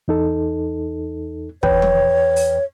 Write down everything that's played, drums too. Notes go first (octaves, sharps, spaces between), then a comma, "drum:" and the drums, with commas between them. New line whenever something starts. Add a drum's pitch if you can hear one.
E2 D#4 A4
E2 B4 C#5 G5, drum: kick
drum: tom F3
drum: open hi-hat